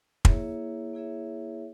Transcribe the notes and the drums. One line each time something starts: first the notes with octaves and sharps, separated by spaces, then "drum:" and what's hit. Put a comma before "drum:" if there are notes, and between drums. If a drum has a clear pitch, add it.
A#3 E4 G#4 C#5 E5, drum: kick
A#3 E4 G#4 C#5 E5